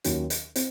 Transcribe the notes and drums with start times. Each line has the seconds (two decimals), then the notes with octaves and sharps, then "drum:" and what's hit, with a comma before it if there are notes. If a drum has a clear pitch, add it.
0.04 D#2 D#3 F#3 C#4, drum: hi-hat
0.30 drum: hi-hat
0.56 C4, drum: hi-hat